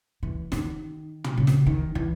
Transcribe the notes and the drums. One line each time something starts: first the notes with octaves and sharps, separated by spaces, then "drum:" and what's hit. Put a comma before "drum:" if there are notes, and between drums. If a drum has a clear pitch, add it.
E3
D#3, drum: snare
drum: tom
C#3
drum: snare
D#3
E3, drum: kick